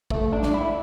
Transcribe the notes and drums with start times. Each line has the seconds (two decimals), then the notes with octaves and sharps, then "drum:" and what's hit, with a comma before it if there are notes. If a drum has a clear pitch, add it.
0.10 A3, drum: kick
0.32 D4
0.43 drum: snare
0.53 E4